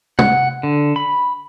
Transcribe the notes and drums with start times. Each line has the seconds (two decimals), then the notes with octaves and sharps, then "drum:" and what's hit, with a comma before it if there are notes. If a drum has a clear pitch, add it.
0.19 F#5, drum: tom
0.63 D3
0.96 B5